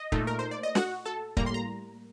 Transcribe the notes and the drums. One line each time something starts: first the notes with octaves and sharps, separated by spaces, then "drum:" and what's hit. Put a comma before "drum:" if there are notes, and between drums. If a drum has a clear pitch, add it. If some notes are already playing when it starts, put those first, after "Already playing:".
Already playing: D#5
A#2 A3 D#4, drum: kick
A#4
C5
D5
D#5
F#4 F#5, drum: snare
A4 A5
A2 G3 A#3 A#5, drum: kick
C6
A#5